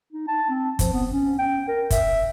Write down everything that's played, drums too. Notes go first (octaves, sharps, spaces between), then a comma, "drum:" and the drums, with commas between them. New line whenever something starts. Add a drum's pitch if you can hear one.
D#4
A5
C4
F3, drum: kick F#1, hi-hat
B3
C#4
G5
A#4
E5, drum: kick F#1, hi-hat